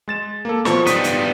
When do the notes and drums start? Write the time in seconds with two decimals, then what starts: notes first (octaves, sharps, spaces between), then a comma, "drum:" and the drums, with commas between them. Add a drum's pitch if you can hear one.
0.08 G#3 A6 E7
0.45 A#3 A4
0.65 B2 F3 C#5, drum: snare
0.86 G#2 G3 B3 D#6 B6, drum: hi-hat
1.04 drum: hi-hat